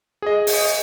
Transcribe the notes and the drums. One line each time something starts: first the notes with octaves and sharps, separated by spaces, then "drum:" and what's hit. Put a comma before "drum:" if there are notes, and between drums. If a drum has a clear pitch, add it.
G#4 D#5
drum: open hi-hat